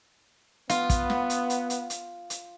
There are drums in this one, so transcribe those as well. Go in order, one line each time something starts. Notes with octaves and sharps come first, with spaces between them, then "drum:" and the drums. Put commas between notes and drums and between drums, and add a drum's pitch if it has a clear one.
B3 F4, drum: hi-hat
drum: kick, hi-hat
drum: snare
drum: hi-hat
drum: hi-hat
drum: hi-hat
drum: hi-hat
drum: hi-hat